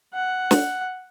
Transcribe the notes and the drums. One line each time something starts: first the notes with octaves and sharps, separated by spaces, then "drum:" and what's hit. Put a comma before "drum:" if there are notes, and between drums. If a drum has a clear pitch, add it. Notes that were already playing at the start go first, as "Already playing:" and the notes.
F#5
drum: snare